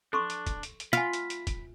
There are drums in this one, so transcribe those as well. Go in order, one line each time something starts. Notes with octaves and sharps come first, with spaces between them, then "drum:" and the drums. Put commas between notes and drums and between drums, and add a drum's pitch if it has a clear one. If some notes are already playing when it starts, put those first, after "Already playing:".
D4 A4 C6 C#6
drum: hi-hat
drum: kick, hi-hat
drum: hi-hat
drum: hi-hat
F4 F#5 G#5 B5
drum: hi-hat
drum: hi-hat
drum: kick, hi-hat